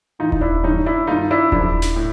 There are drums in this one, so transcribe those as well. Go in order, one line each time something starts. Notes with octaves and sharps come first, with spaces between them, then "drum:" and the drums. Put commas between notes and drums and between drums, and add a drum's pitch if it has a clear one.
A2 E3 D#4 F4
D#4, drum: kick D#1
D4 E4
G2 E3 C#4 D#4
D4 E4
G2 D#3 D#4 F4
D4 E4
F#2 C#3 F3 D4 E4, drum: kick D#1
drum: snare
A2